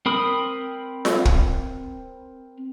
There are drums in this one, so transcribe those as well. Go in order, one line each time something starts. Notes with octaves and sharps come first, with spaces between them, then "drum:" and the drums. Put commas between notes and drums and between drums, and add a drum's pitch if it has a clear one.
C4 A#4 B5 D#6
drum: snare F4
drum: kick